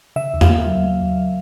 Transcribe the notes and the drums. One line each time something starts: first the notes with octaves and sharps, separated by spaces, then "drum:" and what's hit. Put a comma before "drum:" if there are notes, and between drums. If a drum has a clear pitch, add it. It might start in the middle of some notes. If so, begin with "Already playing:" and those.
C#3 E5
D#2
F5, drum: tom E2
A#3
F#3
F#3
D#2